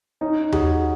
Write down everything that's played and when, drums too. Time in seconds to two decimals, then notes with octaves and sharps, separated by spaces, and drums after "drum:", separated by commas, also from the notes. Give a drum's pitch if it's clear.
0.21 C#4 D#4
0.52 F#4 G#4, drum: tom D#2